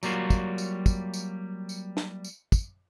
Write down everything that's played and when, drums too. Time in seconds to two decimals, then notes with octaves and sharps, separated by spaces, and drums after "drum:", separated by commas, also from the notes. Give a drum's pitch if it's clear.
0.03 F#3 G3 A#3 F4 F#4, drum: tambourine
0.30 drum: kick, tambourine
0.58 drum: tambourine
0.86 drum: kick, tambourine
1.14 drum: tambourine
1.69 drum: tambourine
1.97 drum: snare
2.24 drum: tambourine
2.52 drum: kick, tambourine